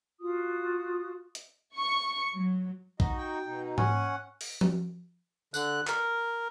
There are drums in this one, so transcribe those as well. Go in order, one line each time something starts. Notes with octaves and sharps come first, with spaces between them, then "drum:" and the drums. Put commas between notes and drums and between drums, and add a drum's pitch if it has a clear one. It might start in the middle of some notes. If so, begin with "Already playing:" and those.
F4 F#4 D#6
drum: hi-hat
C#6
F#3
D#4 F#4 D#5, drum: kick
G5
B2 D#4
C#4 F#5 G#5, drum: tom G#2
drum: open hi-hat
drum: tom F3
D3 F#6, drum: tambourine
A#4, drum: clap